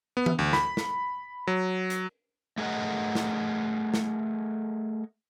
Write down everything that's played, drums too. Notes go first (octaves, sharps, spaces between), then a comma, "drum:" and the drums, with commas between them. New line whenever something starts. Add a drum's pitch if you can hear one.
B3
drum: tom E3
D2
B5, drum: snare
drum: snare
F#3
drum: hi-hat
A3 G#4 A#4 D#5 F#5
drum: snare
drum: snare